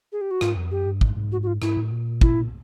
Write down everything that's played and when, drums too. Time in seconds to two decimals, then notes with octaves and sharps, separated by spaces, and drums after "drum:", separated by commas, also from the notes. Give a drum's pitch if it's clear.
0.12 G#4
0.21 G4
0.31 F#4
0.41 G#2 F4, drum: rim click
0.56 F2
0.71 F#2 G4
0.86 G2
1.01 G#2, drum: kick
1.17 G#2
1.32 F#4
1.43 F#4
1.47 F4
1.62 G#2 E4, drum: rim click
1.77 A2
1.92 A#2
2.21 E4, drum: kick